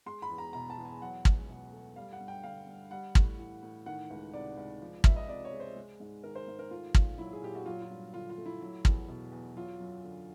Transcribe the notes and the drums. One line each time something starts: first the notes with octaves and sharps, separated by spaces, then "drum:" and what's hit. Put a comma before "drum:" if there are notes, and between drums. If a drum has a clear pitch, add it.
G#3 C6
B5
E2
A#5
B2 A#5
A5
E2
G#5
F#3 F#5
C#2, drum: kick
B2
A3
G3 F5
F#5
G2
G5
D3 F5
G2
G3 F#5
A2, drum: kick
E3
A2
D#3 F#5
C#2
C3 D5
C#2
F3
C#2 E5, drum: kick
D#5
C3 D5
C#5
G#3
C5
G#3
G#2
D#3 A#4
C5
G#2
A#4
A3 F4
A#2, drum: kick
F#3 E4
G#4
A#2 G4
F#4
F#3 F4
F4
G2
D3 F4
F4
A3
E4
F#3
E2, drum: kick
B2
E2
F#3 F4
F#2
D3